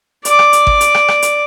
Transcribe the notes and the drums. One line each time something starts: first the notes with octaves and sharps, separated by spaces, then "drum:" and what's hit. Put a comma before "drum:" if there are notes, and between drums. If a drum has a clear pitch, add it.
D5 D6, drum: hi-hat
drum: rim click
drum: hi-hat
drum: kick G#1
drum: hi-hat
drum: rim click
drum: rim click
drum: hi-hat